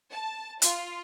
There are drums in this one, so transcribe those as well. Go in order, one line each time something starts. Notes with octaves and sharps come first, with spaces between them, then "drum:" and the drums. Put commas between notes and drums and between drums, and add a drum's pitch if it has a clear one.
A5
F4, drum: hi-hat